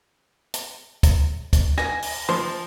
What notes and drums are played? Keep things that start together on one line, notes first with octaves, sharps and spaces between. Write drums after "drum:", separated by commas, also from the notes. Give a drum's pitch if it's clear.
drum: hi-hat
drum: kick, hi-hat
drum: kick, hi-hat
G#5 A#6, drum: rim click
drum: open hi-hat
F3 C5